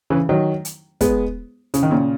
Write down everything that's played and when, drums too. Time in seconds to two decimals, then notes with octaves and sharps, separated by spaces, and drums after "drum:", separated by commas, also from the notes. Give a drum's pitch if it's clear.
0.10 C#3 E3
0.29 D#3 F#3
0.65 drum: hi-hat
1.01 G#3 B3, drum: kick, hi-hat
1.74 C#3, drum: hi-hat
1.83 D#3
1.91 A#2 C#3